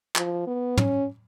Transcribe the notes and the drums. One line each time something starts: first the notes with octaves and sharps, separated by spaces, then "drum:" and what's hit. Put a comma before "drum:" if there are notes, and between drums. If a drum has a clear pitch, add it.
F3, drum: clap
B3
C#4, drum: tom